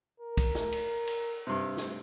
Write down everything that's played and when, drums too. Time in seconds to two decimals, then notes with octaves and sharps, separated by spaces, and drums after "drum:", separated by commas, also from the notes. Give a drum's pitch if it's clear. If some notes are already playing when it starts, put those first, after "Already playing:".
0.20 A#4
0.37 drum: kick, cymbal
0.55 drum: snare
0.72 drum: cymbal
1.07 drum: cymbal
1.47 G2 C3
1.77 drum: snare